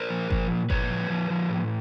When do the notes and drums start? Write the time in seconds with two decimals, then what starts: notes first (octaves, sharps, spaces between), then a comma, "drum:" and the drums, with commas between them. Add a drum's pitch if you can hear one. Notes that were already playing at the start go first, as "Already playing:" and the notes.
Already playing: A#4 C5
0.10 F3
0.31 F3, drum: kick G1
0.50 A#2
0.70 A#2 B4 C#5, drum: kick G1
0.90 F3
1.10 F3
1.30 F3
1.49 A2